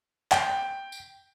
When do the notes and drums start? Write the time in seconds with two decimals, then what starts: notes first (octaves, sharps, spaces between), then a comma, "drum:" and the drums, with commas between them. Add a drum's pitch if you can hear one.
0.32 G5, drum: clap
0.92 drum: tambourine